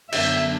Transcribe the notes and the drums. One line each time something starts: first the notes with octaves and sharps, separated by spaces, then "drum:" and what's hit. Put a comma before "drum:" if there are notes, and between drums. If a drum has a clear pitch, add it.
F#2 D3 F#3 B3 D4 E5, drum: cymbal